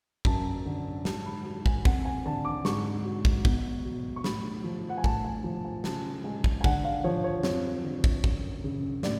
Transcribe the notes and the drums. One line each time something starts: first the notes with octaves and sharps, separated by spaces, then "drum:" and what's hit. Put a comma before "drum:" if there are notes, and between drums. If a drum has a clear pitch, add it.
F#2 A5, drum: kick
D3
G#2 A5, drum: snare
A5
B5
F#3 A5
G#5, drum: kick
F2 F#5, drum: kick
G#5
D3 A5
D6
G#2 C#6, drum: snare
F#3
drum: kick
B2, drum: kick
F#3
C#6
A2 B5, drum: snare
F3
F#5
G#5
A2 A5, drum: kick
G#5
F3
G#5
C#3 A5, drum: snare
G#3 G#5
drum: kick
G#5
D3 F#5, drum: kick
F5
F3 C#5
C#5
F2 C#5, drum: snare
D3
drum: kick
F#2, drum: kick
C#3
A2 D5, drum: snare